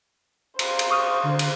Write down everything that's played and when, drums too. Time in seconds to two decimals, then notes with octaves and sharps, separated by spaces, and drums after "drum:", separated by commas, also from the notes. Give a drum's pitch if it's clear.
0.59 C5 F5, drum: cymbal
0.79 drum: cymbal
0.91 C#6 D#6 F6
1.23 D3
1.39 drum: cymbal